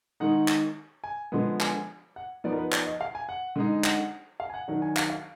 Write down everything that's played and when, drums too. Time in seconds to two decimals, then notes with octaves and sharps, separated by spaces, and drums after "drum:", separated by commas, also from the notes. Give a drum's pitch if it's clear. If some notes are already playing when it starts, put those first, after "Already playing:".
0.20 D#3 G#3 D#4 F#5
0.48 drum: clap
1.04 G#5
1.32 D3 F3 G#3 B3
1.61 G#5, drum: clap
2.16 F#5
2.44 F3 B3 D#4 D5
2.53 A#4
2.58 B4
2.72 D5, drum: clap
2.87 D#5
3.01 F5
3.15 G#5
3.29 F#5
3.56 D3 G#3 D#4
3.84 F#5, drum: clap
4.40 F5
4.50 G#5
4.54 F#5
4.68 D#3 F#3 D4 F#5
4.82 G#5
4.97 F5, drum: clap
5.10 F5